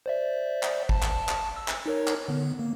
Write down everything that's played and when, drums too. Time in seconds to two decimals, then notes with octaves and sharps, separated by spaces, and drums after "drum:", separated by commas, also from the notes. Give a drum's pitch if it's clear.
0.06 C5 D5 E5
0.63 drum: clap
0.89 A5, drum: kick
1.02 drum: clap
1.29 drum: clap
1.57 E6
1.68 drum: clap
1.86 D#4 A#4 C#5
2.07 drum: clap
2.28 D3 B3
2.59 A#3